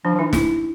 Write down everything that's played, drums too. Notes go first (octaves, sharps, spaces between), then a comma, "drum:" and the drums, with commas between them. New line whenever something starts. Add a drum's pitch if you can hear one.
F3 D4
F3
E3 D#4
E4, drum: snare